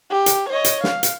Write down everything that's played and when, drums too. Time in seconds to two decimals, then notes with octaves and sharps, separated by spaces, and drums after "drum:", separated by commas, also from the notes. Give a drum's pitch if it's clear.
0.10 G4
0.26 drum: hi-hat
0.49 C#5 D#5
0.64 drum: hi-hat
0.84 F5, drum: snare
1.03 drum: hi-hat